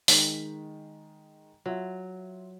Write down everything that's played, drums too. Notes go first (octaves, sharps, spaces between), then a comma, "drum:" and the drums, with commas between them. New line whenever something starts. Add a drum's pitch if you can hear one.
D#3 G#3 B6, drum: open hi-hat
F#3 F4 E5